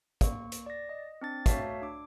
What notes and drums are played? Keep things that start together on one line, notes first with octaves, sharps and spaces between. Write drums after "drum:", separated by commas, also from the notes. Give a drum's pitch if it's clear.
A#3 C#6, drum: kick, hi-hat
drum: hi-hat
D5 A#6
D#5
C4 D4 A6
A3 F#4 C#5 E5 F5 A5, drum: kick, hi-hat
D4 D6